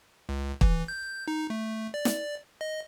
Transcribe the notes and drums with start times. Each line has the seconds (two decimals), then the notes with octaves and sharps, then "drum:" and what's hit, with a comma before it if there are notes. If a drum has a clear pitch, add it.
0.29 C#2
0.61 E3, drum: kick
0.88 G6
1.28 D#4
1.50 A3
1.94 D5
2.05 drum: snare
2.61 D#5